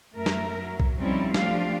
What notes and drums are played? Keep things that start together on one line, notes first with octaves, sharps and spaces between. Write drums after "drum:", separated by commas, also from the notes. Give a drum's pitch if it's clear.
F#2 A3 A#4 E5
drum: snare
F#3
drum: kick
F3 G3 C4 C#4 D#4 E4
F3 A3 D4 F4 G4 F5, drum: snare